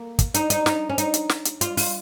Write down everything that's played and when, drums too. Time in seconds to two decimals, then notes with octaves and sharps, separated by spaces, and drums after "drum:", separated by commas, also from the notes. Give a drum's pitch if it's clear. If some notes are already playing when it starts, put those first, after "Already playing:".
Already playing: A#3
0.19 drum: kick, hi-hat
0.34 D#4, drum: hi-hat
0.50 D#4, drum: hi-hat
0.66 D#4, drum: snare
0.89 C#4
0.98 D#4, drum: hi-hat
1.14 drum: hi-hat
1.29 drum: snare
1.45 drum: hi-hat
1.61 F4, drum: hi-hat
1.77 F4, drum: open hi-hat